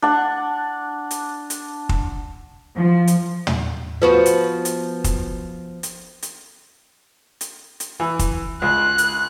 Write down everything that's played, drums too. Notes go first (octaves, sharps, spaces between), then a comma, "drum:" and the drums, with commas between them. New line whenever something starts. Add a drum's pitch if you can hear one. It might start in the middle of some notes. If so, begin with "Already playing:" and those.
D4 F#5
drum: hi-hat
drum: hi-hat
drum: kick
F3
drum: hi-hat
drum: tom
F3 B3 F#4
drum: hi-hat
drum: hi-hat
drum: kick, hi-hat
drum: hi-hat
drum: hi-hat
drum: hi-hat
drum: hi-hat
E3
drum: kick, hi-hat
C#2 F#6
drum: hi-hat